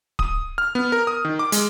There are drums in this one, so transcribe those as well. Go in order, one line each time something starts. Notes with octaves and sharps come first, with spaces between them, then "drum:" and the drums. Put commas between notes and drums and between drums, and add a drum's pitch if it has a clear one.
D#6, drum: kick D1
F6
B3
A#4
D#6
D#3
D6
G#3, drum: hi-hat